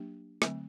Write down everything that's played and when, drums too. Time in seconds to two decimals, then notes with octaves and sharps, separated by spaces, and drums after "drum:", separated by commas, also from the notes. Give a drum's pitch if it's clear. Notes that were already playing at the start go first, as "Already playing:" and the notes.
Already playing: F#3 A#3 D4 G4
0.42 D3 F#3 A3 C4, drum: rim click